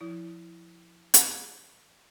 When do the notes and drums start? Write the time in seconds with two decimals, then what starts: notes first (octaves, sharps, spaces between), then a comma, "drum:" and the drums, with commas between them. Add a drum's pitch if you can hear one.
0.01 F3 E4
1.14 drum: hi-hat